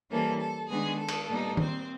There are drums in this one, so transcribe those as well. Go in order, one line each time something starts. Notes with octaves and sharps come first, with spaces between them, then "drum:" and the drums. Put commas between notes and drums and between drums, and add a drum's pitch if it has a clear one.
E3 G3 A#3 C#4 A4
A4
D#3 G#3 B3 D4 G#4
A4
drum: cymbal
A#2 G3 B3 D#4
C4 C5, drum: tom D#3